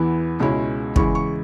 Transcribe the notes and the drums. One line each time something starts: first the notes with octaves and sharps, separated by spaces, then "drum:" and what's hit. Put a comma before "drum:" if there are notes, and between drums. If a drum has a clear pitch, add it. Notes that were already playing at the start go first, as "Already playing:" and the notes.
Already playing: E2 E3 B3 E4
C#2 B2 G#3 C#4 E4
E2 C#3 G#3 E4 C#6, drum: kick
C#6